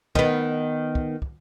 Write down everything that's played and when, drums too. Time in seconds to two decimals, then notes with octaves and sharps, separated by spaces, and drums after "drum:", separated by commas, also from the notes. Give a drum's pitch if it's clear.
0.15 D#3 B3, drum: kick
0.95 drum: kick
1.22 drum: kick